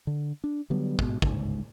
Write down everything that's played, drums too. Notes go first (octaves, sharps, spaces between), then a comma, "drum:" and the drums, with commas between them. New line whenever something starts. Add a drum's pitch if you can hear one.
D3
D4
D3 F#3 G3 B3
G#2 B2, drum: kick
G1 C#2 G#2, drum: kick